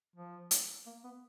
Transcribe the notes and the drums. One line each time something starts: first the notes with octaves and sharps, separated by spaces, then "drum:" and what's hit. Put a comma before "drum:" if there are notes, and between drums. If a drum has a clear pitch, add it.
F3
drum: hi-hat
A#3
B3